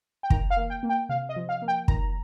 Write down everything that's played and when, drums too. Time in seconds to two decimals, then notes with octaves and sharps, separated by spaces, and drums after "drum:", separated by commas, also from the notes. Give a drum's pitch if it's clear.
0.23 G5
0.30 D#3 A#5, drum: kick
0.50 F5
0.57 A#3
0.70 G5
0.83 A#3
0.89 G5
1.09 C3 F5
1.29 D#5
1.36 F3
1.49 F5
1.62 A#3
1.68 G5
1.88 D#3 A#5, drum: kick